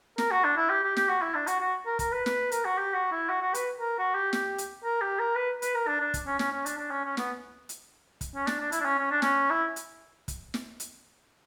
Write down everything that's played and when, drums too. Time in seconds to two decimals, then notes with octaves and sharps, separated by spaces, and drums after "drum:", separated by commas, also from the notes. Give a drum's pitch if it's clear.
0.18 A#4, drum: snare
0.31 F#4
0.44 D4
0.57 E4
0.70 G4
0.83 G4
0.96 G4, drum: snare
1.09 F#4
1.22 E4
1.35 D4
1.47 F#4, drum: hi-hat
1.60 F#4
1.86 A#4
1.99 A#4, drum: kick, hi-hat
2.12 B4
2.26 B4, drum: snare
2.52 A#4, drum: hi-hat
2.65 F#4
2.78 G4
2.94 F#4
3.12 E4
3.29 F#4
3.42 F#4
3.54 B4, drum: hi-hat
3.80 A#4
3.99 F#4
4.15 G4
4.33 G4, drum: snare
4.58 drum: hi-hat
4.84 A#4
5.01 G4
5.19 A#4
5.35 B4
5.62 B4, drum: hi-hat
5.75 A#4
5.87 D4
6.01 D4
6.14 drum: kick, hi-hat
6.26 C#4
6.39 C#4, drum: snare
6.52 C#4
6.66 D4, drum: hi-hat
6.78 D4
6.91 C#4
7.04 C#4
7.17 B3, drum: snare
7.69 drum: hi-hat
8.21 drum: kick, hi-hat
8.35 C#4
8.47 D4, drum: snare
8.60 D4
8.72 E4, drum: hi-hat
8.81 D4
8.85 C#4
8.99 C#4
9.11 D4
9.22 C#4, drum: snare
9.50 E4
9.76 drum: hi-hat
10.28 drum: kick, hi-hat
10.54 drum: snare
10.80 drum: hi-hat